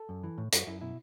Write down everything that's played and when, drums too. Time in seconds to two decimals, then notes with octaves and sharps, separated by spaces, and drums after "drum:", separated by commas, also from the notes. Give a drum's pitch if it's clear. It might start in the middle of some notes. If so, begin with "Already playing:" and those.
Already playing: A4
0.09 F#2
0.23 E3
0.38 A2
0.52 F#2 F#4, drum: hi-hat
0.67 F#2 E4
0.81 B2 E4